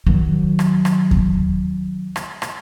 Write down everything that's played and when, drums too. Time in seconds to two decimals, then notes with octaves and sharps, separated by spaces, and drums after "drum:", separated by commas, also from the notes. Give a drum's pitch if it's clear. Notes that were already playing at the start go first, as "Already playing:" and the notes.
0.07 D#3 F#3
0.59 drum: rim click
0.85 drum: rim click
1.11 drum: kick D#2
2.16 drum: rim click
2.42 drum: rim click